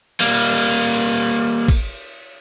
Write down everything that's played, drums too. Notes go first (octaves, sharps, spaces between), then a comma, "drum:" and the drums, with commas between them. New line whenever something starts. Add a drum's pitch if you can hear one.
G3 A#3, drum: cymbal
drum: cymbal
drum: kick G#1, cymbal